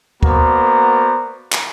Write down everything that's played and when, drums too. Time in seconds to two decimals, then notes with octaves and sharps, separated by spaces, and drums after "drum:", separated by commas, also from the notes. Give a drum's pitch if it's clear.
0.23 A#3 B3 F#4 C5 D5 A#5, drum: kick
1.52 drum: clap